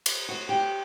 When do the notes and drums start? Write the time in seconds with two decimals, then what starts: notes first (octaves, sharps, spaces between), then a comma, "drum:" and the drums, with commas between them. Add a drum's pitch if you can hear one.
0.06 drum: cymbal
0.29 F#4
0.49 G4